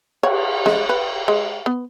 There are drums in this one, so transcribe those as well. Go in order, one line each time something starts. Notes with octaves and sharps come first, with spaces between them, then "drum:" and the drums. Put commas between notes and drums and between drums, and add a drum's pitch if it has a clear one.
C#5, drum: cymbal
G#3, drum: snare
B4
G#3
B3